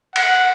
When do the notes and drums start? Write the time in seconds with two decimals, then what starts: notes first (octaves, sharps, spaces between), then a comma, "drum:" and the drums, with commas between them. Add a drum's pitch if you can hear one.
0.16 F#5, drum: cymbal